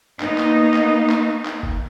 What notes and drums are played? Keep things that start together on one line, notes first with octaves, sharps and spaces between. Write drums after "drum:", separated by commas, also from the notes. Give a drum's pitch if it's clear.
A#3 B3 D#4, drum: clap
drum: clap
drum: clap
drum: clap
drum: clap
drum: kick